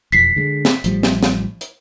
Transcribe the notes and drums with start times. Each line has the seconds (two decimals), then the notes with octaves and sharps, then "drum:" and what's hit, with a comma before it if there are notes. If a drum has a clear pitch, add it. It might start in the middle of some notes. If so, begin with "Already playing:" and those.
0.12 E1 F2 B6 C7
0.36 D3 G#3
0.65 drum: snare
0.84 A1 F3 G3, drum: hi-hat
1.03 drum: snare
1.23 drum: snare
1.61 drum: hi-hat